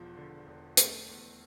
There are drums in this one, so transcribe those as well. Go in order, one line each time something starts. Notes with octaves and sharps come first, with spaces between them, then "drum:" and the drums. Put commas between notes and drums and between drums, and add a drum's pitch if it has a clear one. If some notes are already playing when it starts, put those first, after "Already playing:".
Already playing: E1 E2 F3
D3
E1
A3, drum: hi-hat
E2